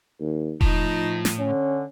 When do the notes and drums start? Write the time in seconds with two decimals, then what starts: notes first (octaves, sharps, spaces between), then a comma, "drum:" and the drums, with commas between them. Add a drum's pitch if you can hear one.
0.20 D#2
0.61 A2 F3 D#4, drum: kick E1
1.25 drum: snare
1.40 D3 C#4